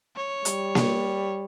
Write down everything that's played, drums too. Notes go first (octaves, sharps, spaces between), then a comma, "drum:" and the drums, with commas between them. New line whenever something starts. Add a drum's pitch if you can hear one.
C#5
G3, drum: hi-hat
drum: snare A#3